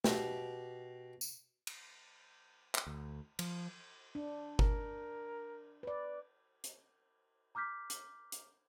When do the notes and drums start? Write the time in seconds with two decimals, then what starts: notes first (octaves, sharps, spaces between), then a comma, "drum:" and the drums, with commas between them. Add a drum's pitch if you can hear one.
0.04 B2 G4, drum: snare
1.21 drum: tambourine
1.67 drum: cymbal
2.75 drum: clap
2.87 D2
3.39 F3, drum: cymbal
4.15 D4
4.59 A#4, drum: kick G1
5.83 B4 D5
6.64 drum: hi-hat
7.55 A#5 D6 F6 G6 B6
7.90 drum: hi-hat
8.32 drum: hi-hat